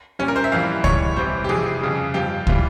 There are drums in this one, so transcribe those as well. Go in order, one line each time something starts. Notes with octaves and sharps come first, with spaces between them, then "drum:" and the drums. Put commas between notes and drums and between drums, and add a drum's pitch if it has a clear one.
A#2 G3 C#4
A#4
C5
E5
F2 E3 G3 F5
G#2 E3 G3 C#5, drum: kick
E2 C3 E3 G3 C5
G4
F2 C3 E3 G3 G#4
F2 C#3 G3
G2 F3 G4
E3 G3 F4, drum: kick